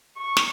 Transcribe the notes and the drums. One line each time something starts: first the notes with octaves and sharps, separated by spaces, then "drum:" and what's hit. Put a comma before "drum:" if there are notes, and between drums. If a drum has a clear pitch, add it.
C#6
drum: snare